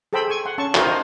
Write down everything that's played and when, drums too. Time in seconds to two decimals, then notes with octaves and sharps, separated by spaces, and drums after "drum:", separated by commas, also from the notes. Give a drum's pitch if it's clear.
0.13 G#4 A4 C5 G5 B5 E6
0.30 G#5 C#6
0.45 F#5 C6
0.58 C#4 A5 C#6
0.75 D#4 F#4 A#4 C5, drum: clap
0.87 F#4 C5 D#5 F5 A5